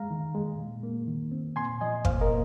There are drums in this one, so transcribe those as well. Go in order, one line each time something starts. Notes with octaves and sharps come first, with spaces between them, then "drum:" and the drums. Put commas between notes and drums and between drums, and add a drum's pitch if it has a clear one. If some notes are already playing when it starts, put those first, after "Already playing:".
Already playing: G#3 F5 A#5
D#3
G#3
A#2
A#3
D#3
C4
A#2 G#5 C6
F3 D#5 G#5
A#2 C5 F5, drum: kick
A#4 D#5
A#3